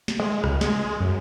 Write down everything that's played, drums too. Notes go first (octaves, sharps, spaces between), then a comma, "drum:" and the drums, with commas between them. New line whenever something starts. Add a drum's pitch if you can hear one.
drum: snare
G#3
C#2, drum: rim click
G#3, drum: snare
F#2